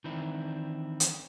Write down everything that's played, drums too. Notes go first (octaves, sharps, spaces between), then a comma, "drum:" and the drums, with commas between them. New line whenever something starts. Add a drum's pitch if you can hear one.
D#3 E3 C4 D4 E4
drum: hi-hat